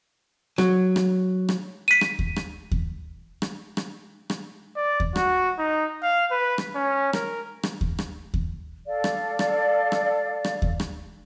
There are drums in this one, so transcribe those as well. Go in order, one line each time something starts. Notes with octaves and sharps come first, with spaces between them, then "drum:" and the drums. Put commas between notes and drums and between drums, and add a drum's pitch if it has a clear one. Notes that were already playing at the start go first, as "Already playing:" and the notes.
F#3, drum: rim click
drum: rim click
drum: rim click
B6 D#7
drum: rim click
drum: kick D#2
drum: rim click
drum: kick D#2
drum: rim click
drum: rim click
drum: rim click
D5
drum: kick D#2
F#4, drum: rim click
D#4
F5
B4
drum: rim click
C#4
A#4, drum: rim click
drum: rim click
drum: kick D#2
drum: rim click
drum: kick D#2
A4 D5 F5
drum: rim click
drum: rim click
drum: rim click
drum: rim click
drum: kick D#2
drum: rim click